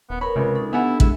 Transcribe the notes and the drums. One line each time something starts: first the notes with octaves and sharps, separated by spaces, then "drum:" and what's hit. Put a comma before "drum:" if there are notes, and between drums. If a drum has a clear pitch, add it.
D#1 B3
A#4 B4 C#5 B5
C#2 C3
D#4 A4
B3 D4 E4 G4 A4 F#5 G#5
G#3 E4, drum: kick